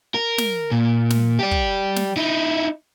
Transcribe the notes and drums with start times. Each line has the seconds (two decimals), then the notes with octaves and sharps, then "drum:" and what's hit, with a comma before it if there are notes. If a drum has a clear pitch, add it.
0.14 A#4
0.38 drum: snare
0.72 A#2
1.10 drum: snare
1.39 G4 D5
1.51 drum: kick
1.96 drum: snare
2.16 D#4 E4